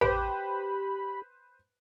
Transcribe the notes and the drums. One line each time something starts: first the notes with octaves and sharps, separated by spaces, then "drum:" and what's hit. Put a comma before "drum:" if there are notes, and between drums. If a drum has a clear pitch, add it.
G4 B4 C5 B5, drum: tom A1